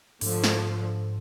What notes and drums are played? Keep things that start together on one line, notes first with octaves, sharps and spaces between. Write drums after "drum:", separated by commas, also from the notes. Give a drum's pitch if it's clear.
G#2 D3 F3 A3, drum: open hi-hat
drum: snare